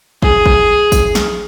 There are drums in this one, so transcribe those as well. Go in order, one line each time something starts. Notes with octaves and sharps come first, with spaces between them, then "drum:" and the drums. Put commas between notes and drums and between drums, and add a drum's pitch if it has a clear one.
G#4, drum: kick
drum: kick
drum: kick, tambourine
drum: snare